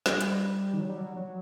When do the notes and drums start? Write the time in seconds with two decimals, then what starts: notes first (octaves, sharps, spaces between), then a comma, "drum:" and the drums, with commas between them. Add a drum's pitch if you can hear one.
0.06 G3, drum: snare
0.21 drum: hi-hat
0.73 D#3
0.80 F#3
0.90 G3
0.98 F#3
1.16 F#3